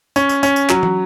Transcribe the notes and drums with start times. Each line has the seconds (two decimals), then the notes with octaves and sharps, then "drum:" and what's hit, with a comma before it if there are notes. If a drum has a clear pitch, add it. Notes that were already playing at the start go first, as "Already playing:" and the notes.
0.16 C#4, drum: tambourine
0.29 drum: tambourine
0.43 C#4, drum: tambourine
0.56 drum: tambourine
0.70 F#3, drum: clap
0.83 drum: tom